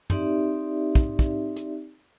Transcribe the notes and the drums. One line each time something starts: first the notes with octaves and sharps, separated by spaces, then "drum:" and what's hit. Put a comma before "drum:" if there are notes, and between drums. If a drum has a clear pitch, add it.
C4 D#4 G4 D5 E5, drum: tom
drum: kick
drum: kick
drum: hi-hat